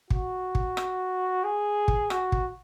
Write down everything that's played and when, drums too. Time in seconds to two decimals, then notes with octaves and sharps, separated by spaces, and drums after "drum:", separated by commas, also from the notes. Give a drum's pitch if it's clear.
0.10 F#4, drum: kick
0.55 drum: kick
0.77 drum: rim click
1.44 G#4
1.88 drum: kick
2.10 F#4, drum: rim click
2.32 drum: kick